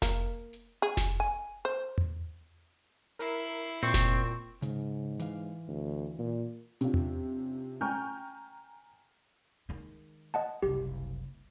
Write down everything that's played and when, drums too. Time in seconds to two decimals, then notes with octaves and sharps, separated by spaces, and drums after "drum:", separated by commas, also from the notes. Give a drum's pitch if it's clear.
0.02 A#3, drum: snare F1
0.53 drum: hi-hat
0.82 G#4
0.97 drum: snare F1
1.20 G#5
1.65 C5
1.98 drum: tom E2
3.19 E4 A#4 C7
3.83 A#2 C4 C#6
3.94 drum: snare F1
4.62 G#2 C#3, drum: hi-hat
5.19 E3 F5, drum: hi-hat
5.68 D2
6.18 A#2
6.81 C3 C#4 D4 F4, drum: hi-hat
6.94 drum: tom E2
7.81 G5 G#5 A#5 C#6 F6 G6
9.69 D#3 G#3
10.34 D#5 F#5 A5
10.63 F#1 C2 G4